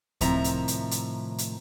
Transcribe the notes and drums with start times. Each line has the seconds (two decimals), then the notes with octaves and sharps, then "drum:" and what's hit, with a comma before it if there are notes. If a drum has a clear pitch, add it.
0.21 A2 C3 D#3 F3 E5 A#5, drum: kick C#2, hi-hat
0.44 drum: hi-hat
0.68 drum: hi-hat
0.91 drum: hi-hat
1.38 drum: hi-hat